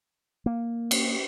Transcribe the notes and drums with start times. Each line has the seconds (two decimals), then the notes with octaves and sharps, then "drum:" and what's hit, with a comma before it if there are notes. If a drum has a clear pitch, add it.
0.46 A#3
0.91 drum: cymbal